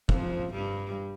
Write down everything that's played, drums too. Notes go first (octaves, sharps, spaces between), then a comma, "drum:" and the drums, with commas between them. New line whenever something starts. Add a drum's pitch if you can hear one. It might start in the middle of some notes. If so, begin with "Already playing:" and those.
F2 F3, drum: kick
G2 G3